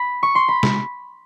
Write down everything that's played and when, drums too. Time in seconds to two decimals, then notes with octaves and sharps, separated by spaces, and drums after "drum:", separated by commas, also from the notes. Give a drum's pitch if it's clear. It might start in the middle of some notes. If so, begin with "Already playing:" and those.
Already playing: B5
0.23 C#6
0.35 C6
0.48 B5
0.63 drum: snare G#3